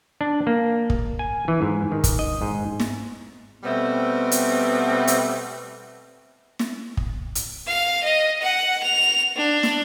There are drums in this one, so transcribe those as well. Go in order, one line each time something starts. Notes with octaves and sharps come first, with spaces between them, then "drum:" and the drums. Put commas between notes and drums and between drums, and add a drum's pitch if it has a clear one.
D4
A#3
drum: kick
G#5
E3
G#2
D#3
drum: kick, hi-hat
D#5
G#2
drum: snare
B2 G3 A3 B3 C4
drum: hi-hat
drum: hi-hat
drum: snare
drum: kick
drum: hi-hat
F5
D#5
F#5
F7
D4
drum: snare